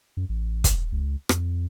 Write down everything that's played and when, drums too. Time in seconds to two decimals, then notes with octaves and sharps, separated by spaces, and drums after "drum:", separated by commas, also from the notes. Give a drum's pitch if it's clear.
0.17 F#2
0.29 A1
0.64 drum: kick, hi-hat
0.92 C#2
1.29 F2, drum: rim click